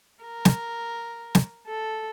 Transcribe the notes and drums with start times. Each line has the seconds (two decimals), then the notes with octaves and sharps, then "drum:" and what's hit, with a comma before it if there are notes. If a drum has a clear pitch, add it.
0.24 A#4
0.45 drum: snare
1.35 drum: snare
1.67 A4